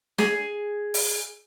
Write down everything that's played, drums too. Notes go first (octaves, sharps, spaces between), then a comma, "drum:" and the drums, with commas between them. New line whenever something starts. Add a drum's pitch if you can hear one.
G#4, drum: snare
drum: open hi-hat